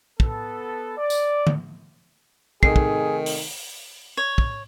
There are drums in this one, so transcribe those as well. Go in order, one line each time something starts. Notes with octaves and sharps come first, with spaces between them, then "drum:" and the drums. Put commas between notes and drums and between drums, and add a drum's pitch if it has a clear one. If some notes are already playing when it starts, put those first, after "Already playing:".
B3 A4, drum: kick
D5
drum: tambourine
drum: tom D3
C3 D#3 A3 D#4 G#4 C7, drum: kick
drum: kick
drum: open hi-hat
C#5
drum: kick